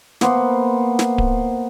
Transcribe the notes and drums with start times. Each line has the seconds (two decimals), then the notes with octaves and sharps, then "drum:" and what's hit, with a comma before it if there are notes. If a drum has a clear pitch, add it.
0.21 A#3 B3 C5, drum: snare
0.99 drum: snare
1.18 drum: kick D1